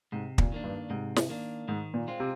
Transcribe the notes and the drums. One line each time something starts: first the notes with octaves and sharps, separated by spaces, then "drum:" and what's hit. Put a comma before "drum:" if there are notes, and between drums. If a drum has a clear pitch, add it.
G#2 C3
A#2, drum: kick
D#3 A#3 D4
G2
G#2 C3
drum: snare
D#3 A#3 D4
G#2 D#3
A#2
G#3 C4 F4
C3